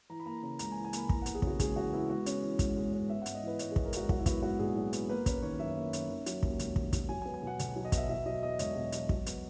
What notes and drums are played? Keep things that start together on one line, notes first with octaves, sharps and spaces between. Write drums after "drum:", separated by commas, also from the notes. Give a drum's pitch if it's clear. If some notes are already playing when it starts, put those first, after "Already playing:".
E3 A#5
B5
A#3 A#5
C#3 A#5
C#2 A#5, drum: hi-hat
G#5
E3
G#5
A#3 B5, drum: hi-hat
E3 A#5, drum: kick
F#5
B3, drum: hi-hat
G#4
C#3 F#4, drum: kick
C#2 G#4, drum: kick, hi-hat
E3 F#4
B3 E4
G#3 F#4
C#4, drum: hi-hat
E3
G#2, drum: kick, hi-hat
G#3
C#4
B3 E5
F#5
G#2, drum: hi-hat
D#5
E3 B4
G#2 C#5, drum: hi-hat
G#4
B3, drum: kick
A#4
G#2 F#4, drum: hi-hat
F#3 F#4, drum: kick
E4
B3 F#4, drum: kick, hi-hat
G#2 F#4
A#1 G#4
F#3
B3, drum: hi-hat
A#3 B4
C#4 B4, drum: kick, hi-hat
D#3 C#5
F#2 E5
A#3
C#4, drum: hi-hat
D#3
F#3, drum: hi-hat
D#2, drum: kick
E1, drum: hi-hat
D#3, drum: kick
F#3, drum: kick, hi-hat
F#3 G#5
G#5
B3
G#5
B2 F#5
B1, drum: hi-hat
F#3
D#5
B3 E5, drum: kick, hi-hat
B2 E5
F#3 D#5
E2 D#5
E1 C#5, drum: hi-hat
B2
F#3, drum: hi-hat
F#3, drum: kick
B3, drum: hi-hat